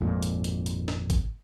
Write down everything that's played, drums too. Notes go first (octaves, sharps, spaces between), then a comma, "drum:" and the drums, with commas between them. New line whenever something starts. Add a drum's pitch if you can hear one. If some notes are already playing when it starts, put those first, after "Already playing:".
G#1 F2 A#2 G#3
drum: hi-hat
drum: hi-hat
drum: hi-hat
drum: snare
drum: kick, hi-hat